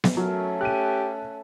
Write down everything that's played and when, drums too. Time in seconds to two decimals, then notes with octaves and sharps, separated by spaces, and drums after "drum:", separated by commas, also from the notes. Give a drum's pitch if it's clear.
0.04 drum: snare B3
0.17 F#3 A3 C#4 A#4
0.61 G4 F#6 D#7